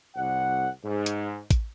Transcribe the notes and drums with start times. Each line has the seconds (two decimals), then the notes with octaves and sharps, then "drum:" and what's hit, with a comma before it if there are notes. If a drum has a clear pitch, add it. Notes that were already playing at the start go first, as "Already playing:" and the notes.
0.16 C2 F#5
0.84 G#2
1.06 drum: hi-hat
1.51 drum: kick, hi-hat